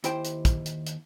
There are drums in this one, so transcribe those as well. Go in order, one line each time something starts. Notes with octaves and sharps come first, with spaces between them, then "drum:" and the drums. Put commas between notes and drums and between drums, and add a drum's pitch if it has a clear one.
D#2 E4 C5 G5, drum: hi-hat
drum: hi-hat
drum: kick, hi-hat
drum: hi-hat
drum: hi-hat